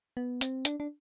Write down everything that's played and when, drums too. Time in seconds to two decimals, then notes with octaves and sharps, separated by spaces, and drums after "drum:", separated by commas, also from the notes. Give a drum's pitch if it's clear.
0.17 B3
0.41 C4, drum: hi-hat
0.65 D4, drum: hi-hat
0.80 D4